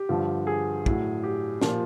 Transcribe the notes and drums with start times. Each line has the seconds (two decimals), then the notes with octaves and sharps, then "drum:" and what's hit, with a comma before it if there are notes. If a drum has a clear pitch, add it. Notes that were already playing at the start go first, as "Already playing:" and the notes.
Already playing: G4
0.09 G2 D3 F3
0.47 G#4
0.86 A2 F#3, drum: kick
1.23 G4
1.61 A#2 F3, drum: snare